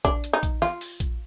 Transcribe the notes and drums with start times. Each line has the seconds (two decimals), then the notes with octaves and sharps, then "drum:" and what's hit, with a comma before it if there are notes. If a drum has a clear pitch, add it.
0.05 D4, drum: kick A#1, hi-hat
0.24 drum: hi-hat
0.33 D#4
0.43 drum: kick A#1, hi-hat
0.62 F4, drum: snare
0.81 drum: open hi-hat
1.00 drum: kick A#1, hi-hat